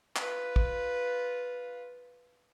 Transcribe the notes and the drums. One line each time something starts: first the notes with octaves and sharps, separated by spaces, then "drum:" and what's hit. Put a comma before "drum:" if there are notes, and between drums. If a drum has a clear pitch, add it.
F4 B4, drum: clap
drum: kick